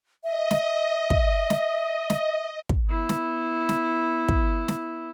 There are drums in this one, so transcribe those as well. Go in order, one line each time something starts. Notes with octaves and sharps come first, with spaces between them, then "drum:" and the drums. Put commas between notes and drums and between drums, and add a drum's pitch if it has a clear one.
D#5 E5
drum: snare
drum: kick
drum: snare
drum: snare
drum: kick
B3 E4
drum: snare
drum: snare
drum: kick
drum: snare